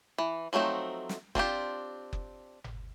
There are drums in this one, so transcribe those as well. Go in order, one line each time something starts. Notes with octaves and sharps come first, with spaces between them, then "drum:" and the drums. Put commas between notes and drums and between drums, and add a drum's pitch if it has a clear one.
E3
F3 F#3 A3 C4 D#4
drum: snare
C4 D4 F4 G4, drum: kick F#1
drum: kick F#1
drum: tom G1